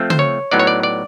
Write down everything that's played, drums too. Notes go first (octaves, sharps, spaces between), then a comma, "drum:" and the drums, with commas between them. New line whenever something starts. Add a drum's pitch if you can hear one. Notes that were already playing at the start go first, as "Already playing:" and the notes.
Already playing: F3 A3 C4
C5, drum: tom
C#5
A2 F#3 B3 D#4 D5
C#5
D5
D5